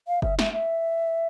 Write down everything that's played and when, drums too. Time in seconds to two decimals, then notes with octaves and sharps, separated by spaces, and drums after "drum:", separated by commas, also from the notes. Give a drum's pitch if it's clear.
0.08 F5
0.22 E5, drum: kick F#1
0.39 E5, drum: snare
0.53 E5